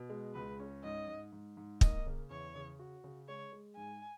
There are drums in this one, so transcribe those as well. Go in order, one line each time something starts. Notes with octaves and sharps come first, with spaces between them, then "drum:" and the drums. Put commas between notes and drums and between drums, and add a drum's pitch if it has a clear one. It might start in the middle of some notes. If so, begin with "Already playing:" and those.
Already playing: B2
G#3
C#2 B4
C#4
G#2 D#5
G#2
G#2
G#2
A#3 D#5, drum: kick
C#3
E2 C#5
C#3
F#4
C#3
G#3 C#5
G#3
G#2 G#5